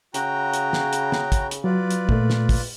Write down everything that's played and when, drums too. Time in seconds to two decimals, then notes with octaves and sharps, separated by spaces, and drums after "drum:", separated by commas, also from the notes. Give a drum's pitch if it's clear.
0.14 C#3 F#4 G5 A#5, drum: hi-hat
0.54 drum: hi-hat
0.73 drum: snare
0.93 drum: hi-hat
1.12 drum: snare
1.32 drum: kick, hi-hat
1.51 drum: hi-hat
1.64 F#3 F4 B4 D5
1.91 drum: hi-hat
2.09 A#2 A3, drum: kick
2.30 drum: snare
2.49 drum: kick, open hi-hat